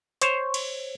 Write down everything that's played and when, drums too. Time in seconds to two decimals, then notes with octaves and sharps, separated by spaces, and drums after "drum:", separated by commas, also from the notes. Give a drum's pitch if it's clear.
0.22 C5 C#5, drum: hi-hat
0.54 drum: cymbal